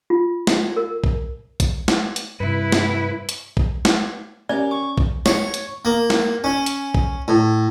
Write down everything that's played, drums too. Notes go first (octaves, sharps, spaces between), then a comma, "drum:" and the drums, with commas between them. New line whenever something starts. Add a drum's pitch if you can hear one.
F4
drum: snare
A#4
drum: kick
drum: kick, hi-hat
drum: snare
drum: hi-hat
G2 C3 E4 B4
drum: snare
drum: hi-hat
drum: kick
drum: snare
A#3 C#4 G4 D5
C#6 D6
drum: kick
C#5, drum: snare
drum: hi-hat
A#3
drum: snare
C#4
drum: hi-hat
drum: kick
A2